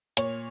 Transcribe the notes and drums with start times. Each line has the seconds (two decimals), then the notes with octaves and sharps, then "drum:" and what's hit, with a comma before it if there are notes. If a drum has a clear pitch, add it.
0.17 A#2 C#5, drum: hi-hat